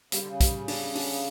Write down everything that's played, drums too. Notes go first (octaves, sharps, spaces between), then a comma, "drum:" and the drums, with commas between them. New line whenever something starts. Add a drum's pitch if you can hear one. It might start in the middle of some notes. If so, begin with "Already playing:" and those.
C#3 G3, drum: hi-hat
D3
C#3
G3, drum: kick, hi-hat
D4, drum: open hi-hat
D4, drum: open hi-hat